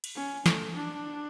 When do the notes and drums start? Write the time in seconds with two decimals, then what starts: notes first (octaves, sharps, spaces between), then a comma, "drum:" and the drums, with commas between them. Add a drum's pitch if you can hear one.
0.04 drum: cymbal
0.16 C#4
0.46 A3, drum: snare
0.75 D4